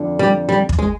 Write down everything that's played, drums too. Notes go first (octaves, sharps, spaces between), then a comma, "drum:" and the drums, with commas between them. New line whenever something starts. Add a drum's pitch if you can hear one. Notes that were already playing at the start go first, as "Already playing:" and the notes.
Already playing: F2 D3
G3
G3
drum: kick
G#3